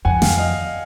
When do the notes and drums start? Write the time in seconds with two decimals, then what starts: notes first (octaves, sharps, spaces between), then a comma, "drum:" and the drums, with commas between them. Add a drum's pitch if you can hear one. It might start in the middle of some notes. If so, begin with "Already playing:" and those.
0.05 F2 F#5 G#5
0.22 F5 G5, drum: snare
0.38 D#5 F5